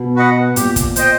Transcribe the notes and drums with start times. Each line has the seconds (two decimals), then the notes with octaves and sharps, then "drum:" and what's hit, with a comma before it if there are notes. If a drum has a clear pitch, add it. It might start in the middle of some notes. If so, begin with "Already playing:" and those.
Already playing: B2
0.16 F#4 B4 D#5 F#5
0.56 A#2 G4, drum: hi-hat
0.76 drum: kick, hi-hat
0.96 C5 D#5 G5, drum: hi-hat